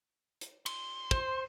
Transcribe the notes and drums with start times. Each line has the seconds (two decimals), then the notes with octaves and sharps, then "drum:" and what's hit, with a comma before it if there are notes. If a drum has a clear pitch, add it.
0.41 drum: hi-hat
0.66 C6, drum: cymbal
1.11 C5, drum: kick